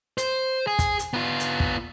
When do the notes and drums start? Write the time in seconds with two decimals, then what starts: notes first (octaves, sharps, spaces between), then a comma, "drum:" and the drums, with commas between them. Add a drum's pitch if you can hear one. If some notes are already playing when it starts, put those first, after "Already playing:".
0.18 C5, drum: hi-hat
0.67 G#4
0.79 drum: kick, hi-hat
0.99 drum: hi-hat
1.14 B3 F4
1.40 drum: hi-hat
1.60 drum: kick